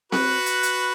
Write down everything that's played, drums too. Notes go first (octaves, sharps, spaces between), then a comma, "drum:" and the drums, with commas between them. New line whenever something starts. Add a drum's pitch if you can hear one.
F#4 B4, drum: snare C4
drum: hi-hat
drum: hi-hat